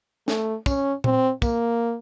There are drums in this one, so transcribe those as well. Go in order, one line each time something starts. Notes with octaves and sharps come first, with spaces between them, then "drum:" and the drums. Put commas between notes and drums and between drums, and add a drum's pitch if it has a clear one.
A3, drum: snare
C#4, drum: kick, tambourine
C4, drum: tom A#2
A#3, drum: kick, tambourine